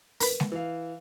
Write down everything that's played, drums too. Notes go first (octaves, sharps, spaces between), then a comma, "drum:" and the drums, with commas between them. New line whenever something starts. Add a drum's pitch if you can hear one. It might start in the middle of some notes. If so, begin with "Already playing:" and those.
A#4 B4, drum: open hi-hat
drum: snare G#3
E3 F5